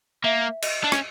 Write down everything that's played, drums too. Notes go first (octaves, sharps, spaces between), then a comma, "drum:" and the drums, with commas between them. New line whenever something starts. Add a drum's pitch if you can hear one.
A#3 E5
D#5, drum: cymbal
D4
C#4, drum: rim click